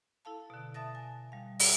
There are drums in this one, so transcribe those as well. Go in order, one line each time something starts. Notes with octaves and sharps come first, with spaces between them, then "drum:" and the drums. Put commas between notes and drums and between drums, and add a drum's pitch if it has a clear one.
E4 A4 F5 A5
B2 D3
E5 A5 D#6 A6 A#6
G#5
G3 F5
F#4 G4 A4 E5 F#5 G5, drum: open hi-hat